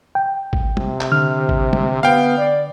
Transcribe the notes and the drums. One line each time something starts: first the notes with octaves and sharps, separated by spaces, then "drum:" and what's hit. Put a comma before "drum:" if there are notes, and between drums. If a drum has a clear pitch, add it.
G5
drum: kick G#1
C3, drum: tom
drum: clap
D3 F6
drum: kick G#1
drum: tom
B3 F5 G5
D5